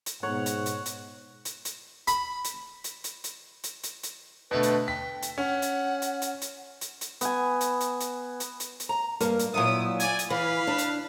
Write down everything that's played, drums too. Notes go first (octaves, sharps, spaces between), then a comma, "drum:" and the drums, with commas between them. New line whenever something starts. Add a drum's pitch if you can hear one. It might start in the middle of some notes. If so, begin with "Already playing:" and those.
drum: hi-hat
G#2 B2 B3 C#5 F#5
drum: hi-hat
drum: hi-hat
drum: hi-hat
drum: hi-hat
drum: hi-hat
B5, drum: hi-hat
drum: hi-hat
drum: hi-hat
drum: hi-hat
drum: hi-hat
drum: hi-hat
drum: hi-hat
drum: hi-hat
B2 D3 A3 B4
drum: hi-hat
G5 B6
drum: hi-hat
C#4 F#5
drum: hi-hat
drum: hi-hat
drum: hi-hat
drum: hi-hat
drum: hi-hat
drum: hi-hat
B3 G#5, drum: hi-hat
drum: hi-hat
drum: hi-hat
drum: hi-hat
drum: hi-hat
drum: hi-hat
drum: hi-hat
A#5
G2 A#3, drum: hi-hat
drum: hi-hat
A#2 F#3 B3 E4 D#6
D5 G#5, drum: hi-hat
drum: hi-hat
E3 F5 B5
D4
drum: hi-hat